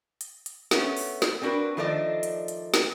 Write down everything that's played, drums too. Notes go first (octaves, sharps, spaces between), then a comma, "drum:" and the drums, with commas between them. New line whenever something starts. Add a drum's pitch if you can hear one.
drum: hi-hat
drum: hi-hat
A3 B3 C#4, drum: snare
drum: open hi-hat
drum: snare
C4 D4 F#4 G#4 A#4 B4
D#3 F3 A3 D4 D5 D#5
drum: hi-hat
drum: hi-hat
drum: snare